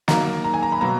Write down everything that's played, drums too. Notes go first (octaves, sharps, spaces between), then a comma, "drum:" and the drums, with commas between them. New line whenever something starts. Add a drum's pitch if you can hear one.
D#3 F#3 A#3 A#5, drum: snare
A#5
G#5
A#5
B5
B2 F#3 A#3 A#5